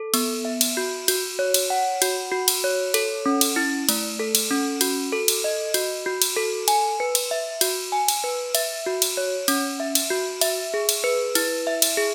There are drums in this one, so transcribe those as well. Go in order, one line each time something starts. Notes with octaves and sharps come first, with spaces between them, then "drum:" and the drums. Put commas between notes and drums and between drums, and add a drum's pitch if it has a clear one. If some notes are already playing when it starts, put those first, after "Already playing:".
Already playing: A4
B3, drum: cymbal
E5
drum: cymbal
F#4
F#4, drum: cymbal
C#5
drum: cymbal
F#5
F#4, drum: cymbal
F#4
drum: cymbal
C#5
A4, drum: cymbal
C#4
drum: cymbal
E4
A3, drum: cymbal
A4
drum: cymbal
C#4
F#4, drum: cymbal
A4
drum: cymbal
D#5
F#4, drum: cymbal
F#4
drum: cymbal
A4
G#5, drum: cymbal
B4
drum: cymbal
E5
F#4, drum: cymbal
G#5
drum: cymbal
B4
E5, drum: cymbal
F#4
drum: cymbal
C#5
C#4, drum: cymbal
E5
drum: cymbal
F#4
E5, drum: cymbal
G#4
drum: cymbal
B4
E4, drum: cymbal
E5
drum: cymbal
G#4